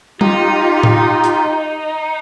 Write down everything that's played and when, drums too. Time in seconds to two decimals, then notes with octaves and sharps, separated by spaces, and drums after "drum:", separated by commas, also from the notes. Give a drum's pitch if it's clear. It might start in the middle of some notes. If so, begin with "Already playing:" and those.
0.21 D#4 F4 G4, drum: tom
0.83 drum: tom A2
1.24 drum: hi-hat